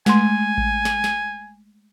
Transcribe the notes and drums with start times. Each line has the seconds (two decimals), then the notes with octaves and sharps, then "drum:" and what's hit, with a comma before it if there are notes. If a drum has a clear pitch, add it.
0.06 G#3 A3 G#5 C6, drum: snare
0.58 drum: kick A1
0.85 drum: snare
1.04 drum: snare